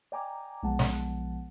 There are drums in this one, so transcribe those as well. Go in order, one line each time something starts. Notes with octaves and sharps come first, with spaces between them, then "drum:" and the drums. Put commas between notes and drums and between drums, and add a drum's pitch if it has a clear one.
D5 D#5 G5 G#5 A#5 D6
B1 F3 G#3 B3 F#5 A5
drum: snare